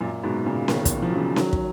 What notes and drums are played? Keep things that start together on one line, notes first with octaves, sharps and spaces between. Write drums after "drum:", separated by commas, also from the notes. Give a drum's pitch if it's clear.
F#2 A#2
G#2 B2
A#2 C#3
B2 D#3, drum: snare C#4
drum: kick, hi-hat
F3
F#3
C#3 F3
D#3 F#3, drum: snare C#4
drum: kick